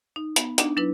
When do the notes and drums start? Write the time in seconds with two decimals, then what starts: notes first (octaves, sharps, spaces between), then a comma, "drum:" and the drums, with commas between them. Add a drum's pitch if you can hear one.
0.16 D#4
0.36 B3, drum: hi-hat
0.58 D4 D#4, drum: hi-hat
0.77 F#3 D4 E4 B4